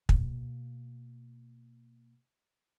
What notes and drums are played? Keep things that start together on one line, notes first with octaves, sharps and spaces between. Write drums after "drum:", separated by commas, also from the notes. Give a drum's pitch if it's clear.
B2 A#3, drum: kick